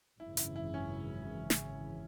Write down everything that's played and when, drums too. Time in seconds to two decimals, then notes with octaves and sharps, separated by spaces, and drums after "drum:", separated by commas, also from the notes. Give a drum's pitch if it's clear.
0.19 G#1 F#2 C#3 E3 E4
0.37 E4, drum: hi-hat
0.56 E4
0.74 C#4
1.50 drum: snare